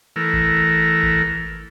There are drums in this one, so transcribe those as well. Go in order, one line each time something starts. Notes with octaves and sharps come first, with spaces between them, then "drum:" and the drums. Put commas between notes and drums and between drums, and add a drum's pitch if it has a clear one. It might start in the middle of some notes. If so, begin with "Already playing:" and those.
E3 A3 A#4
drum: kick G#1
drum: kick G#1